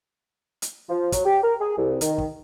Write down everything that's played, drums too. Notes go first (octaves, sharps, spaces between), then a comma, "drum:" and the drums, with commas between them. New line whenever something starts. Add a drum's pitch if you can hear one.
drum: hi-hat
F3
F#3, drum: kick, hi-hat
G4
A#4
G#4
C2
D#3, drum: hi-hat
drum: kick